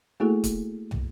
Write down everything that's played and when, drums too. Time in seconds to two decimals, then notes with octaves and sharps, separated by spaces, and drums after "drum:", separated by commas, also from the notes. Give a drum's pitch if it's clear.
0.20 A3 A#3 E4 F#4 G#4 A4
0.44 drum: kick, hi-hat
0.91 drum: tom